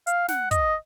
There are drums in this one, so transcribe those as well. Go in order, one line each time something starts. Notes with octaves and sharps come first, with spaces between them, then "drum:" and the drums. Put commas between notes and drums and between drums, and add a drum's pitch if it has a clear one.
F5, drum: hi-hat
F#5, drum: snare
D#5, drum: kick, hi-hat